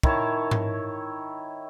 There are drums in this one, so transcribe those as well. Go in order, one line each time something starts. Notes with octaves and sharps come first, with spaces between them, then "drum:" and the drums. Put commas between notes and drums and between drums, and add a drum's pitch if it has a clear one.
D#3 E4 C#5 A5, drum: kick
drum: tom G#2